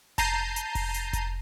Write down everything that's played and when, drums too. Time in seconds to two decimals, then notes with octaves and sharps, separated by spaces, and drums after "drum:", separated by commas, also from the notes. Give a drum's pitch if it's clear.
0.18 A5 A#5 G6 C7 D#7, drum: kick F1, hi-hat
0.56 drum: hi-hat
0.75 drum: kick F1, open hi-hat
0.94 drum: hi-hat
1.13 drum: kick F1, hi-hat